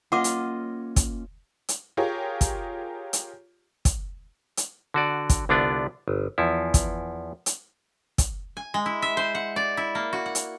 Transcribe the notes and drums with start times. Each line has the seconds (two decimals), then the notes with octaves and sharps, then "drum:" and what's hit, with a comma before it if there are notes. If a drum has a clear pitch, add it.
0.12 A#3 C#4 F4 D#5 F#5 D6
0.24 drum: hi-hat
0.96 drum: kick, hi-hat
1.69 drum: hi-hat
1.97 F4 G4 G#4 A#4 C#5
2.41 drum: kick, hi-hat
3.13 drum: hi-hat
3.85 drum: kick, hi-hat
4.57 drum: hi-hat
4.94 D3 F#4 D5
5.30 drum: kick, hi-hat
5.49 C2 D3 B3 D4 F4 D5
6.08 G1
6.38 E2 F3 E4
6.74 drum: kick, hi-hat
7.46 drum: hi-hat
8.18 drum: kick, hi-hat
8.57 G#5
8.74 G#3
8.86 E4
9.02 E5
9.17 C5
9.35 F#5
9.56 D5
9.77 E4
9.95 A#3
10.13 F#4
10.26 F#5
10.35 drum: hi-hat